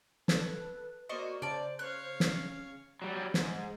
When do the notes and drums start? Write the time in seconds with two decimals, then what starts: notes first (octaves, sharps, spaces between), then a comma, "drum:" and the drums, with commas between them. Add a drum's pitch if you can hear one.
0.28 A4 B4, drum: snare
1.09 A#3 F#4 C5 D5 D#5 C#6
1.42 C#3 C5 D5 A5
1.79 C#5 F5 F#6
2.20 drum: snare
2.31 C#4
3.02 F#3 G3
3.34 G#2, drum: snare